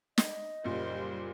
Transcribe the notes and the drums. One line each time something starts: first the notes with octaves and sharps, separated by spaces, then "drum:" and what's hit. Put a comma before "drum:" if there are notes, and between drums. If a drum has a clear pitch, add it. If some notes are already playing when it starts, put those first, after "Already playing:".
D#5, drum: snare
F#1 A#2 G3 C5